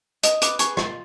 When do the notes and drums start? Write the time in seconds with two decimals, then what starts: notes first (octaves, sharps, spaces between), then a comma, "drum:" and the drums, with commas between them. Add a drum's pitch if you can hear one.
0.23 D#5 D#6, drum: hi-hat
0.42 B4 D6, drum: hi-hat
0.59 G#4 C#6, drum: hi-hat
0.77 F4, drum: rim click